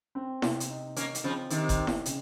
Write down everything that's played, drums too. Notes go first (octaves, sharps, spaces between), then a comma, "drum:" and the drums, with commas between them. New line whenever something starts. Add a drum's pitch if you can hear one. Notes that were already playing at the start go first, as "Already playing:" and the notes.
C4
C3, drum: snare E4
drum: hi-hat
D#4
A#3 C#4 D#4, drum: hi-hat
drum: hi-hat
C#3 F3 C4
C3 D#3 C4, drum: hi-hat
drum: kick F#1, hi-hat
D#4
drum: snare E4
C#3, drum: hi-hat